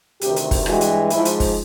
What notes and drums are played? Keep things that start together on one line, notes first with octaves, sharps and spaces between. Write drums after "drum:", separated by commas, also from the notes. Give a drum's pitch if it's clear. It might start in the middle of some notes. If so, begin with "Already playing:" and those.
D2 C3 D#3 G4, drum: hi-hat
drum: hi-hat
drum: kick, open hi-hat
G2 E3 G#3 F#4, drum: rim click
drum: hi-hat
G#2 F3 G#3 E4, drum: hi-hat
drum: hi-hat
drum: kick, open hi-hat